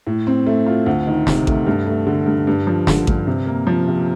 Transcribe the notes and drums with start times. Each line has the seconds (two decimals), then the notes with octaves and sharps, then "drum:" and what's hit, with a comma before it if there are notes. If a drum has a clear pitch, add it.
0.07 A2
0.27 C4
0.47 A3
0.67 F4
0.86 D2
1.07 D#3
1.27 C3, drum: snare
1.47 A3, drum: kick A1
1.67 G2
1.87 A3
2.07 D3
2.26 G2
2.47 G2
2.67 F3
2.87 D3, drum: snare
3.07 G2, drum: kick A1
3.27 C3
3.46 A#3
3.67 F3
3.88 C3